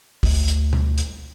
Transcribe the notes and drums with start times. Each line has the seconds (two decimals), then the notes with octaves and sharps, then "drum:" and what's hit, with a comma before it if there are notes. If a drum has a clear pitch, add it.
0.23 D2, drum: kick, open hi-hat
0.48 drum: hi-hat
0.73 drum: tom B2
0.98 drum: hi-hat